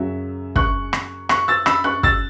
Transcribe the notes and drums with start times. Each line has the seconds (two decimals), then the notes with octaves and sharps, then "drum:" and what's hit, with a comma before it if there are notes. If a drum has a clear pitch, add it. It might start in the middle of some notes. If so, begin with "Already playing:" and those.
Already playing: F#2 C#3 F#3 E5
0.56 C#6 F#6, drum: kick
0.93 drum: rim click
1.29 C#6 F#6, drum: rim click
1.48 E6 A6
1.66 B5 E6, drum: rim click
1.84 C#6 F#6
2.03 E6 A6, drum: kick